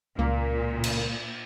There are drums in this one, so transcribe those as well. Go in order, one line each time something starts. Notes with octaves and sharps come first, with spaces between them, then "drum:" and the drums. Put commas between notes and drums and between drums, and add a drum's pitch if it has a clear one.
C#2 A#2 A#3
drum: cymbal